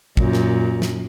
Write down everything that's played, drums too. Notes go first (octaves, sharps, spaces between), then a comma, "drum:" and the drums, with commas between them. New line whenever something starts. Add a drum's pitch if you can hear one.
F#2 A#2, drum: kick
drum: snare
drum: snare